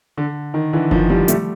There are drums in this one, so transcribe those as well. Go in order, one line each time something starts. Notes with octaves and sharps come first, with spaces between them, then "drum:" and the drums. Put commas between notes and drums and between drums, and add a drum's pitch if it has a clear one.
D3
D#3
D3 E3
D#3 F3, drum: kick F#1
F3 G3
G3 A3, drum: hi-hat